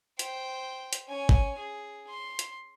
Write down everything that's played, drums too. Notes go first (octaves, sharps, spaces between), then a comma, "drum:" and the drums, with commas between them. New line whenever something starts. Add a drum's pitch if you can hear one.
C5 G5, drum: hi-hat
drum: hi-hat
C#4 G#5
drum: kick G#1
G#4
C6
drum: hi-hat